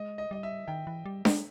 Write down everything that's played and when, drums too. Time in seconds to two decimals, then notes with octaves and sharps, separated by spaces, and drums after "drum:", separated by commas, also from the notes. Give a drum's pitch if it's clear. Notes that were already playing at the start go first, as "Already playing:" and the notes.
Already playing: G#3 D#5
0.18 D#5
0.31 G3 D#5
0.43 E5
0.68 D#3 G5
0.87 E3
1.06 G3
1.25 G#3, drum: snare D4